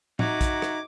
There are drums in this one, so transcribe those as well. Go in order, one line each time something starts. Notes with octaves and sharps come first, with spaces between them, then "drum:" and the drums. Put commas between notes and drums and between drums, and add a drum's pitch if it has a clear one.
D#4 F#4 E5 A#5 D6 G#6, drum: tom A2
drum: kick A#1, hi-hat
drum: rim click